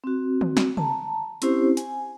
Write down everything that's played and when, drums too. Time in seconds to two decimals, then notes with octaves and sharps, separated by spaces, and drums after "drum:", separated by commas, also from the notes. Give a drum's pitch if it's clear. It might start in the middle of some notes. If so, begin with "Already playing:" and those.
0.04 C4 F#4
0.41 drum: tom
0.57 drum: snare
0.77 A5 A#5, drum: tom
1.42 C4 C#4 E4 G4 C5, drum: hi-hat
1.77 G#5, drum: hi-hat